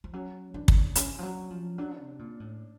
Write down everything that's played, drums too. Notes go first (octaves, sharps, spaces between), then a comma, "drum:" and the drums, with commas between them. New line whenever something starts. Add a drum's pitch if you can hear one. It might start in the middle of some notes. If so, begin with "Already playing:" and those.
F3
F#3 C#4
E3 D4
drum: kick
E3 C#4, drum: hi-hat
F3
F#3
F3
F#3 D4
C3
A#2
A2